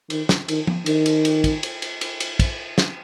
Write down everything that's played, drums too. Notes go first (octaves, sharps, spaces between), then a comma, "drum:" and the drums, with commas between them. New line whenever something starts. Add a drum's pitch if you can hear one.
D#3, drum: cymbal
drum: snare
D#3, drum: cymbal
drum: tom
D#3, drum: cymbal
drum: cymbal
drum: cymbal
drum: kick, cymbal
drum: cymbal
drum: cymbal
drum: cymbal
drum: cymbal
drum: kick, cymbal
drum: snare